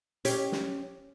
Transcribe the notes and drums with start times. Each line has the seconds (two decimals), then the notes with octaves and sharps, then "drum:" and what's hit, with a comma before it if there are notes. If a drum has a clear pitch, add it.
0.25 C#4 G4, drum: hi-hat
0.52 drum: snare